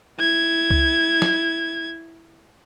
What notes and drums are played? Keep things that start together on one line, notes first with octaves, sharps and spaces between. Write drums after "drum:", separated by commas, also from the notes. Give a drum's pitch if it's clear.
E4 G#6
drum: kick C#2
drum: snare